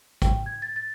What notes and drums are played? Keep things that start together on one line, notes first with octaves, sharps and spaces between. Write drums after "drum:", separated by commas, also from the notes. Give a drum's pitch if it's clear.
G5, drum: kick, hi-hat
G#6
A6
A6